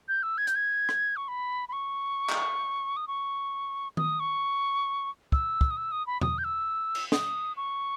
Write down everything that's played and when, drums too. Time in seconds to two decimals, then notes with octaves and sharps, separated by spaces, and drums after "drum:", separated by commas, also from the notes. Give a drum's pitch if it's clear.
0.08 G6
0.23 E6
0.38 G#6
0.47 G6, drum: hi-hat
0.56 G#6
0.89 drum: rim click
1.16 C#6
1.28 B5
1.69 B5
1.73 C#6
2.29 drum: clap
2.96 D#6
3.07 C#6
3.97 D#6, drum: tom D#3
4.20 C#6
5.32 E6, drum: kick
5.61 drum: kick
5.70 D#6
5.77 E6
5.92 D#6
6.07 B5
6.21 D#6, drum: tom E2
6.38 G6
6.44 E6
6.95 drum: cymbal
7.12 D#6, drum: snare
7.57 C#6